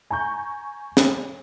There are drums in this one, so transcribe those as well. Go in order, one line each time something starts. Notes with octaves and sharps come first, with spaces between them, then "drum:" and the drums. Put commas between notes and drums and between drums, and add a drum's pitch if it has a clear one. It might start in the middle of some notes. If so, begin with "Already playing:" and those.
G#5 A#5 C#6 G6
drum: snare